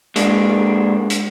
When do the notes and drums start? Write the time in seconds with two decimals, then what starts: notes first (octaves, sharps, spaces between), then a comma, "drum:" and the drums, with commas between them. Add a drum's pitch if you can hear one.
0.16 G#3 A#3 D4, drum: hi-hat
1.10 drum: hi-hat